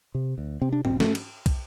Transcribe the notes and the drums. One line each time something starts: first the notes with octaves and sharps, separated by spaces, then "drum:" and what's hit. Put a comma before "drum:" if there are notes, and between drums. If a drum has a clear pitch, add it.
C3
D2
C3 C4
D4
E1 C4, drum: tom G#2
A3, drum: snare
drum: cymbal
drum: kick, cymbal